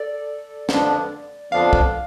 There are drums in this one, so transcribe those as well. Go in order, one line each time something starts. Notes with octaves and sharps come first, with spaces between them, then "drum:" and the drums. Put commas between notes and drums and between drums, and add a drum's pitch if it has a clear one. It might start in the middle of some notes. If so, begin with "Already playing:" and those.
Already playing: A4 D5
F2 D3 F3 B3 D4, drum: snare
F2 D3 F3 B3 D4 F5
drum: kick